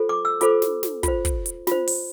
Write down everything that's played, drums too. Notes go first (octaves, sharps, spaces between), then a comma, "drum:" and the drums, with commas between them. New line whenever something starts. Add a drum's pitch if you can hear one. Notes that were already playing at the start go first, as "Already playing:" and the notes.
Already playing: F4 A4 C5
D6
E6
F4 A4 C5 D6, drum: hi-hat
drum: snare
drum: snare
F4, drum: kick, hi-hat
C5
drum: kick, hi-hat
drum: hi-hat
F4 C5, drum: snare
drum: open hi-hat